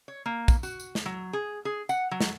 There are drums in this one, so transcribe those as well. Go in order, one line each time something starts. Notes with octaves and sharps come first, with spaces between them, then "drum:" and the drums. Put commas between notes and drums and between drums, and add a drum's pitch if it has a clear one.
C#5
A#3
drum: kick, tambourine
F#4, drum: tambourine
drum: tambourine
drum: snare
F#3
G#4
G#4
F#5, drum: tambourine
F#3
drum: snare